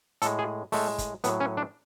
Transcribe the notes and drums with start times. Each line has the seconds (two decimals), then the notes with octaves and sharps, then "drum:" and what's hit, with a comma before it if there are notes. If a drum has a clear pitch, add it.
0.22 A2 G#3 A4, drum: hi-hat
0.39 G#4
0.72 A2 G#3 A3, drum: open hi-hat
0.98 drum: kick, hi-hat
1.24 A2 F#3 B3, drum: hi-hat
1.40 C#4
1.57 D4